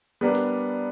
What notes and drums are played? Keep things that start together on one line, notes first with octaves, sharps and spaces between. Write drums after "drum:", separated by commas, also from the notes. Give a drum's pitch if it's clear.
G3 B3 D4 A#4
drum: open hi-hat